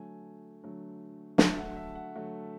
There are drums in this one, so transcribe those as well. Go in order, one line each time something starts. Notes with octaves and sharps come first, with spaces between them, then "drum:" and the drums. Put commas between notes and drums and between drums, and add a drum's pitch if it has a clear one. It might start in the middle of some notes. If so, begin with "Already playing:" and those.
Already playing: D3 F#3 A3 G#5
D3 F#3 A3
D3 F#3 A3 A5, drum: snare
E5
F#5
E5
F#5
D3 F#3 A3